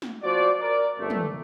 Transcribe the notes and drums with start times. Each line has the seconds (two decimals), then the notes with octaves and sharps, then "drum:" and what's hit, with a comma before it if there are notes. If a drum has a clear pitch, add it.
0.02 drum: snare
0.23 F3 F#4 C5 D5
0.60 A#4 D5
0.99 G1 A3
1.10 drum: tom